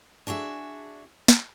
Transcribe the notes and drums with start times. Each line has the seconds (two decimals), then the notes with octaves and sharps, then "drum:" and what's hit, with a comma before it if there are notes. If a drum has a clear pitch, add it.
0.27 D4 F#4 G#4 E5
1.28 drum: snare